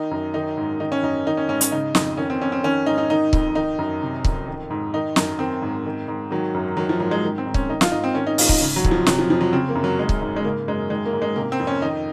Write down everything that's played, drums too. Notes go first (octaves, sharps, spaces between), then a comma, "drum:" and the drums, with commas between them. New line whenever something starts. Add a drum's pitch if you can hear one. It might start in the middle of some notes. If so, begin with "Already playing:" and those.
Already playing: D#3 D#4
F#2
D#3 D#4
G#2
D#3 D#4
C#4
F#2 D#4
D#3 D#4
C#4
G#2 C#4
C#4, drum: hi-hat
C#3 D#4
F2 D#4, drum: snare
D#3 C#4
C4
F2 C#4
C4
D#3 C#4
G#2 D#4
D#4
D#3 D#4
F2, drum: kick C#1
D#3 D#4
F#2
C3
F2, drum: kick C#1
D#3
G#2
D#3 D#4
F#2, drum: snare
D#3 C4
G#2
D#3
G#2
D#3 F#3
F#2
D#3 F#3
F3
G#2 F#3
G#3
D#3
C4
G#2
C#4, drum: kick C#1
D#3 D#4
F4, drum: snare
G#2 D#4
C4
D#3 C#4
D#4
G#2 F4, drum: open hi-hat
D#4, drum: kick C#1
C#3
F#3
F2, drum: kick C#1
F3
C3 F#3, drum: snare
F3
F2 F3
F#3
C#3 C4
A#3
F#2
F#3
D#3 G#3
drum: kick C#1
G#2
G#3
C#3 A#3
F#2 G#3
D#3 G#3
A#3
G#2
G#3
C3 A#3
C4
F2
C#4
D#3 D#4